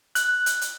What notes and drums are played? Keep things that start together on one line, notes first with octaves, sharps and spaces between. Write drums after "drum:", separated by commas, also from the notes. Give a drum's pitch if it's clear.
F#6, drum: hi-hat
drum: hi-hat
drum: hi-hat